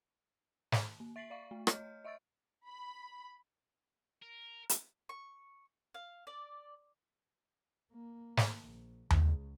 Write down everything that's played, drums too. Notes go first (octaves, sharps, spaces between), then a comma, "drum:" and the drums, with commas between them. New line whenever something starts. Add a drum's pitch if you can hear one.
drum: snare
A#3
E5 A6 B6 C7 D7 F#7
D5 F5 C#6
A3
C#5 D#5 F6 G6, drum: rim click
D#5 E5 C#6 E6 A6 D7
B5
A#4
drum: hi-hat
C#6
F5
D5
A#3
drum: snare
A#1
C#2, drum: tom D#2